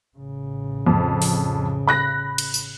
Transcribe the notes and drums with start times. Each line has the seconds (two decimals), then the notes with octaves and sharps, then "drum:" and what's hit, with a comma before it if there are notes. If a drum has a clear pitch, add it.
0.18 A1 C#3
0.87 F2
1.22 drum: open hi-hat
1.87 B5 F#6 A#6
2.38 drum: cymbal
2.54 drum: tambourine